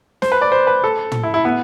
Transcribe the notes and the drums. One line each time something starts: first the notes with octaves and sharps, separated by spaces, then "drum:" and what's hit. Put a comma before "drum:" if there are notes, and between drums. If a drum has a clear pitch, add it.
C5, drum: snare
B4
D5
C5
B4
A4
drum: tom
E4
E4
B3